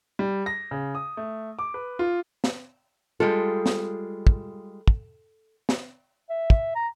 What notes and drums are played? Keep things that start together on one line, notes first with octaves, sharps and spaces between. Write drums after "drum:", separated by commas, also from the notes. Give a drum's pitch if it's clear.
G3
A#6
C#3
D#6
A3
D6
B4
F4
drum: snare
G3 G#3 F4 A4
drum: snare
drum: kick
drum: kick
drum: snare
E5
drum: kick
A#5